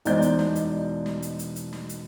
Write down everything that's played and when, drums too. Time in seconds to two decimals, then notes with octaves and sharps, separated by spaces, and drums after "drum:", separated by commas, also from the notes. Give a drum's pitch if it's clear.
0.05 E1 B2 D#4 C5 D5 G6, drum: hi-hat
0.22 drum: hi-hat
0.39 drum: snare
0.55 drum: hi-hat
1.06 drum: snare
1.22 drum: hi-hat
1.39 drum: hi-hat
1.56 drum: hi-hat
1.73 drum: snare
1.89 drum: hi-hat